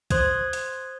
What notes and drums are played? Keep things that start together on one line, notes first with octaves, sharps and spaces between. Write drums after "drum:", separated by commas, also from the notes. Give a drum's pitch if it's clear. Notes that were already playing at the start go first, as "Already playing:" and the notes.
C5 C6 D#6 F#6 G#6, drum: kick, hi-hat
drum: hi-hat